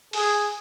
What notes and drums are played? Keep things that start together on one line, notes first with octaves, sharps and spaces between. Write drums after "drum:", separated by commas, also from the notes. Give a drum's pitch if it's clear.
G#4, drum: open hi-hat